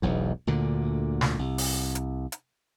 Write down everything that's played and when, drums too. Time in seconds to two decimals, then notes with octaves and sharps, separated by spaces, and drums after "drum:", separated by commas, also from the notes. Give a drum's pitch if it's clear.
0.02 E1 B1 E2
0.47 D2 A#2 D3
1.21 drum: snare
1.39 C2
1.58 drum: open hi-hat
1.95 drum: hi-hat
2.32 drum: hi-hat